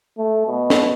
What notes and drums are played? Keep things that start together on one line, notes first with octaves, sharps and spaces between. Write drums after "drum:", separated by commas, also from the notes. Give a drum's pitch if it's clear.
A3
B2
drum: snare